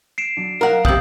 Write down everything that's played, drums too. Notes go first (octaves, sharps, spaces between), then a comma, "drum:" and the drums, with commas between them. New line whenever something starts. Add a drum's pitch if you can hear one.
C7 D7 E7
F#3 D4
A#4 D#5 F5 F#5 A#5
E2 C3 D#6 G6 F#7, drum: kick